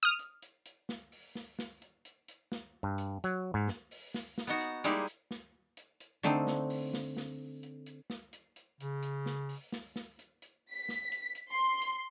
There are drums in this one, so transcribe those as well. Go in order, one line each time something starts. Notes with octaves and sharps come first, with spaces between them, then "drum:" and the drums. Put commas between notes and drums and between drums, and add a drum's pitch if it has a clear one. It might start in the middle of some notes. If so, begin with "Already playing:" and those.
D#6 F6
drum: hi-hat
drum: hi-hat
drum: hi-hat
drum: snare
drum: open hi-hat
drum: snare
drum: snare
drum: hi-hat
drum: hi-hat
drum: hi-hat
drum: snare
G2
drum: hi-hat
F#3, drum: hi-hat
G#2
drum: snare
drum: open hi-hat
drum: snare
drum: snare
B3 D#4 F#4
drum: hi-hat
G3 G#3 A#3 D#4 E4 G#4, drum: hi-hat
drum: hi-hat
drum: snare
drum: hi-hat
drum: hi-hat
D3 A3 C4 D#4 C5, drum: hi-hat
drum: snare
drum: open hi-hat
drum: snare
drum: snare
drum: hi-hat
drum: hi-hat
drum: snare
drum: hi-hat
drum: hi-hat
C#3, drum: hi-hat
drum: hi-hat
drum: snare
drum: open hi-hat
drum: snare
drum: snare
drum: hi-hat
drum: hi-hat
B6
drum: snare
drum: hi-hat
drum: hi-hat
C6
drum: hi-hat